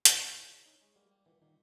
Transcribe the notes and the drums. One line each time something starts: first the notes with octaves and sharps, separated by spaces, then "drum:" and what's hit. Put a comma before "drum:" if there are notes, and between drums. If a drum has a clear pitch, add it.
C#4 D#4, drum: hi-hat
D#3
C#3 E4
E4
C#4 D#4
G#3
G3 A#3
G3
A#2 E3
A#2 D#3